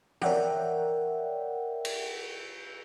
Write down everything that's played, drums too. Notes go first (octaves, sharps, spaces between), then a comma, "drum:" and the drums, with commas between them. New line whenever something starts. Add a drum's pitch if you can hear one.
A#4 C#5 D5 E5 F#5 G5, drum: tom
drum: cymbal